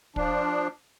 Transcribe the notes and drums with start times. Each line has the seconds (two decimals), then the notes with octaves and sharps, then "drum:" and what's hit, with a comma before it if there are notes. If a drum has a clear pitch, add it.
0.16 F3 D4, drum: kick